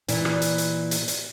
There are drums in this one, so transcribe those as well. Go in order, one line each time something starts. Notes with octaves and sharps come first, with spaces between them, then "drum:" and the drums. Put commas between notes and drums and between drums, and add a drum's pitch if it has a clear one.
A#2 E3, drum: hi-hat
drum: rim click
drum: hi-hat
drum: hi-hat
drum: hi-hat
drum: hi-hat